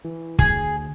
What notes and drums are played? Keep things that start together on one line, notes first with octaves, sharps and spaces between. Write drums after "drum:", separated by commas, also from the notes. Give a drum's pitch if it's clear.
E3
D2 G#4, drum: kick